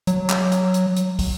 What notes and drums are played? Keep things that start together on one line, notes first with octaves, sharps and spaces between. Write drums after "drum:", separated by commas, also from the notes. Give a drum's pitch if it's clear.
F#3, drum: hi-hat
drum: clap
drum: hi-hat
drum: hi-hat
drum: hi-hat
drum: kick, open hi-hat